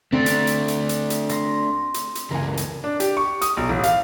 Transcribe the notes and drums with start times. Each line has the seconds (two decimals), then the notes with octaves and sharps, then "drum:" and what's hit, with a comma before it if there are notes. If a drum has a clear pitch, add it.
0.12 A3 C4 D4 A6
0.26 drum: hi-hat
0.47 drum: hi-hat
0.68 drum: hi-hat
0.89 drum: hi-hat
1.10 drum: hi-hat
1.29 C6 A#6, drum: hi-hat
1.94 drum: hi-hat
2.15 drum: hi-hat
2.31 C#2 E3 A#4 G#5
2.57 drum: hi-hat
2.84 D4
3.00 G4, drum: hi-hat
3.17 C#6
3.41 D#6, drum: hi-hat
3.57 B1
3.69 A1
3.83 F5, drum: hi-hat